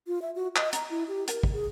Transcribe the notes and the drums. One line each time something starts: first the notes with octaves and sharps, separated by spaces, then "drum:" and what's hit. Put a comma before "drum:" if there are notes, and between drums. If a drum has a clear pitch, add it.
F4
E5
F#4
D#5, drum: clap
A#5, drum: hi-hat
E4
G4
A#4, drum: hi-hat
drum: kick
G#4